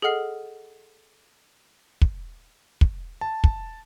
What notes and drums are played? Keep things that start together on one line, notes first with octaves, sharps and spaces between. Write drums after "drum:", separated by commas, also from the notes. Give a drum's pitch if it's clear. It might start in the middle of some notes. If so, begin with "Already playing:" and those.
G#4 A4 D#5 F#5 F6 C7
drum: kick
drum: kick
A5
drum: kick